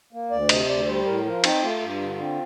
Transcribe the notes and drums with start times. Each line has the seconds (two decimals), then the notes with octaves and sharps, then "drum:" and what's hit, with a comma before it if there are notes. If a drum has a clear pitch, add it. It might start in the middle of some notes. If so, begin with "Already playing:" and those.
0.12 A#3
0.30 D2 D5
0.49 C3 D#5, drum: cymbal
0.69 D2 D5
0.87 G3 C5
1.06 A2 A#4
1.25 F3 A#4
1.44 C4 D#4, drum: cymbal
1.62 A3 F4
1.82 G2
2.01 D3
2.20 C4